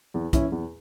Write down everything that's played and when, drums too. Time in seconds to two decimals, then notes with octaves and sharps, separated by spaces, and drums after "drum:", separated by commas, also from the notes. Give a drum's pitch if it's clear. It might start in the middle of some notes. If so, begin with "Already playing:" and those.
0.14 E2
0.33 E3 C#4 E4, drum: kick B1, hi-hat
0.52 E2